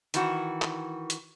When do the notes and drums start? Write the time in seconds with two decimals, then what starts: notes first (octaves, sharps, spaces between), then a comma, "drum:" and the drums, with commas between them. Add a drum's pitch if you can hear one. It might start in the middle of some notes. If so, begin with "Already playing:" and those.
0.14 D#3 E3 F#4, drum: hi-hat
0.62 drum: clap
1.10 drum: hi-hat